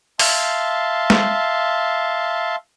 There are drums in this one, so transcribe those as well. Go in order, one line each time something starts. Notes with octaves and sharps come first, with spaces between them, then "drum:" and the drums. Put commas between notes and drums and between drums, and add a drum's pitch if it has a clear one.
E5 F5 A5 C6, drum: open hi-hat
drum: snare